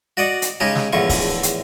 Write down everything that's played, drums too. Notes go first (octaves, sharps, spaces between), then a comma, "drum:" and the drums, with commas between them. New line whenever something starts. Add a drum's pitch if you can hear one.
F#4 D5 D#5 F#5
drum: hi-hat
C#3 G#3 C#4 D#4 G4
drum: snare
A#1 E2 A2 D3 F4 C#6
drum: kick C#1, open hi-hat
drum: hi-hat